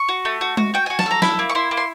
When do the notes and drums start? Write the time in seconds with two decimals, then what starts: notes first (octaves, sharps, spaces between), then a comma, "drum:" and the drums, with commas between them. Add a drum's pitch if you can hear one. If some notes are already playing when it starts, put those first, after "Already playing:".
Already playing: C#6
0.08 F#4
0.25 A3
0.41 F#4
0.57 F#4, drum: tom G#3
0.74 F#4 G5
0.86 F#4 G#5
0.99 A5, drum: snare
1.06 A4 A#5
1.22 E4 B5, drum: snare
1.39 A#3
1.50 C#6
1.55 E4 C6
1.71 A#3
1.77 C6